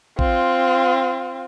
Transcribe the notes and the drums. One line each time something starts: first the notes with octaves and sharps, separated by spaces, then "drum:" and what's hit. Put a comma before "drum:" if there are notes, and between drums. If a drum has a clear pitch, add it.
C4 F4, drum: kick A1